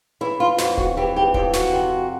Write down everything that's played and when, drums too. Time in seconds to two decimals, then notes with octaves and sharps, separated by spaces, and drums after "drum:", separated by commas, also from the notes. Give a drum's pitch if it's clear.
0.21 E3 E4
0.40 F4
0.58 F2 F#4, drum: snare
0.78 F#4, drum: kick D1
0.97 E3 G4
1.16 G4
1.34 F2 G4, drum: kick D1
1.53 F#4, drum: snare
1.73 C3